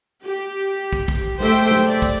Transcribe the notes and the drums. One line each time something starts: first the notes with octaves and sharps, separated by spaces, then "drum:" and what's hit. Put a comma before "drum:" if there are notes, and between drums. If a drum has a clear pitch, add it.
G4
drum: kick
drum: kick
A3 G4 C5 E5 G5, drum: snare
drum: snare
D5
drum: kick